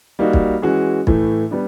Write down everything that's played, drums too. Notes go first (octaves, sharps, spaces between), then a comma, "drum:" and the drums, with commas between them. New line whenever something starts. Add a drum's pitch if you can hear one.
G3 A#3 D#4 F#4
drum: kick
E3 G#3 C#4 F#4
A2 E3 A3, drum: kick
G3 B3 D4